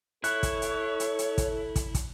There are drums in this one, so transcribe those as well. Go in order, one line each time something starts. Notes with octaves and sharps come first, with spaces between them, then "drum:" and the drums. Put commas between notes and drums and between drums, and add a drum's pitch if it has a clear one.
E4 A4 C#5 F#6, drum: hi-hat
drum: kick, hi-hat
drum: hi-hat
drum: hi-hat
drum: hi-hat
drum: kick, hi-hat
drum: kick, hi-hat
drum: kick, hi-hat